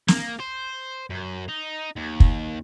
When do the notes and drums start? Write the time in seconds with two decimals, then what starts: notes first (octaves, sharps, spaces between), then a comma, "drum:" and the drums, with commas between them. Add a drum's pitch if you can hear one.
0.08 A#3, drum: snare
0.40 C5
1.10 F#2
1.48 D#4
1.96 D#2
2.20 drum: kick